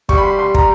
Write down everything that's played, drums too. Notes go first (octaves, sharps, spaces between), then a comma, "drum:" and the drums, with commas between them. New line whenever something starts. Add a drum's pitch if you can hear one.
G3 C#6, drum: kick
B5
C6
C6
A#5, drum: kick